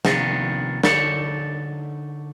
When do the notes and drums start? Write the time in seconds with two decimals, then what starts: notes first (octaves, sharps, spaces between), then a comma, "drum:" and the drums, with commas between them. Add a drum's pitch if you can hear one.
0.05 C3 D#3 F3 A#3 B3 D4, drum: snare
0.83 D3 D#4 A4 C#5 D5, drum: snare